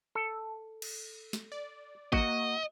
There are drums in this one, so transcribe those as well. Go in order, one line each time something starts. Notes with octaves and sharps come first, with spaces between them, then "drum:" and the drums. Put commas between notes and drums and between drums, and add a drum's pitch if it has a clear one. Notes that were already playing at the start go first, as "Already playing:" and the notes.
A4
drum: cymbal
drum: snare
D5
A#3 F#4 D#5 F#5, drum: kick G#1